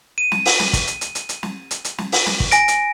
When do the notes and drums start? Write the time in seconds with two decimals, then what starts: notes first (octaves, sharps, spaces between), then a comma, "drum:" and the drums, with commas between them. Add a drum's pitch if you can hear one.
0.18 D#7
0.32 drum: snare
0.46 drum: open hi-hat
0.59 drum: snare
0.73 drum: kick, hi-hat
0.87 drum: hi-hat
1.01 drum: hi-hat
1.15 drum: hi-hat
1.29 drum: hi-hat
1.43 drum: snare
1.71 drum: hi-hat
1.85 drum: hi-hat
1.98 drum: snare
2.12 drum: open hi-hat
2.26 drum: snare
2.40 drum: kick
2.51 G#5 A#6 D7, drum: hi-hat
2.68 drum: hi-hat